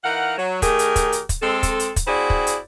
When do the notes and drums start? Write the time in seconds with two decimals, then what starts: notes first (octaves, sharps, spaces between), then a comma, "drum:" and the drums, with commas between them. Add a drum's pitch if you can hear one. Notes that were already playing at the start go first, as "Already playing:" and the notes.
0.04 E3 D#4 A#4 F5 F#5
0.37 F#3
0.62 D#3 A3 G4 G#4 A#4, drum: kick, hi-hat
0.79 drum: hi-hat
0.96 drum: kick, hi-hat
1.12 drum: hi-hat
1.29 drum: kick, hi-hat
1.42 G#3 C4 A4
1.63 drum: kick, hi-hat
1.80 drum: hi-hat
1.96 drum: kick, hi-hat
2.07 C4 E4 F#4 G#4 C5 D5
2.30 drum: kick
2.47 drum: hi-hat